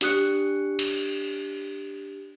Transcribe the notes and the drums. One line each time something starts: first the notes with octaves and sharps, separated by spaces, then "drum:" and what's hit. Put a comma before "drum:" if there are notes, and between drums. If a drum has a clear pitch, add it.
D4 G4 D#6 F#6 C#7, drum: hi-hat
drum: cymbal